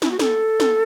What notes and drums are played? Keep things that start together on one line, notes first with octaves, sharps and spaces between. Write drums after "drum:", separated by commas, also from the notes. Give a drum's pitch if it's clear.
E4, drum: snare
F#4
A4, drum: snare
drum: snare